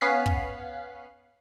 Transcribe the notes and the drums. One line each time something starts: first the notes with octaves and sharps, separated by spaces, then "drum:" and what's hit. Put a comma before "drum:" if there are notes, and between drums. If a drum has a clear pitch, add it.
B3 C#4 F5 F#6 B6 C7
drum: kick